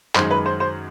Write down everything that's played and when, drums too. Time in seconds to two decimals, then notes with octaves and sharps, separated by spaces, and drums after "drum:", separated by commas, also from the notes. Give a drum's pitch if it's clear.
0.15 F#2 D#3 G#3 C5, drum: clap
0.31 B4
0.46 C5
0.60 C5